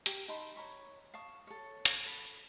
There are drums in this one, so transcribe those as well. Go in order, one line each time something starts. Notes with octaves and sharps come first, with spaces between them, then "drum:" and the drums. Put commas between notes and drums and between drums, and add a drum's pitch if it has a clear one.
G4 A#4, drum: hi-hat
D#4 A5 B5 C6
C#5 A#5 B5 C#6
F5 A5 C#6 D#6
A4 C#5
drum: hi-hat
A4 B5